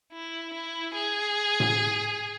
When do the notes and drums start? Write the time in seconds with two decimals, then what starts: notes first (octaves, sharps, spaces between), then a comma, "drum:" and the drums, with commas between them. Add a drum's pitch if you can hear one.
0.13 E4
0.54 E4
0.94 G#4
1.60 drum: tom A2